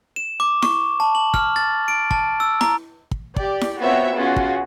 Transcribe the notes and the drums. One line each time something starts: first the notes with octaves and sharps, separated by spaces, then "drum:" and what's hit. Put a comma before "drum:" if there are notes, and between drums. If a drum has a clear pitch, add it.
E7
D6
C#6, drum: snare E4
A5
F#7
F6, drum: kick
A6
D7
A5, drum: kick
E6
A#5, drum: snare E4
drum: kick
G4 D5, drum: kick
drum: snare E4
B3 C4 F4 F#4 C#5 E5
B3 C#4 F4 F#4 G#4
drum: kick